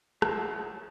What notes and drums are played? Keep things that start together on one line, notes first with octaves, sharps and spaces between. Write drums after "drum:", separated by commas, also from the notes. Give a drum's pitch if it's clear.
F3 F#3 D#4 E4 F#4 G#4 A4 E5, drum: rim click